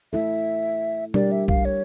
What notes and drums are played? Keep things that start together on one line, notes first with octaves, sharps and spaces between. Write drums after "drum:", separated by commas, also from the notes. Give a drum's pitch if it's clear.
A3 E4 A4 E5
G3 D4 G4 A#4 D5, drum: tom B2
E5
F5, drum: kick B1
C#5